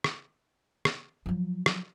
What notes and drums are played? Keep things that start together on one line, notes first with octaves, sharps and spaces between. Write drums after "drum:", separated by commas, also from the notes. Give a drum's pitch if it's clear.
drum: rim click
drum: rim click
F3 F#3
drum: rim click